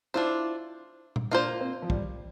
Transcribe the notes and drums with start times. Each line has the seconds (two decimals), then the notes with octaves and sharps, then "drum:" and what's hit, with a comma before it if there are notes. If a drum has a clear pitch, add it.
0.14 D4 E4 F4 C5
1.16 drum: tom A#2
1.31 A#3 D4 F4 C5
1.60 C4
1.82 F3
1.90 G3, drum: kick